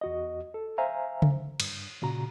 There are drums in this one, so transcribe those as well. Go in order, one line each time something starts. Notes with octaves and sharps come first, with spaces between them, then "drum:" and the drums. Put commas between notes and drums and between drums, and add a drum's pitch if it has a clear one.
E2 F#4 D#5
A4
C5 E5 F5 G#5 A#5
drum: tom C#3
G2, drum: cymbal
A#2 C#3 F#4 A#5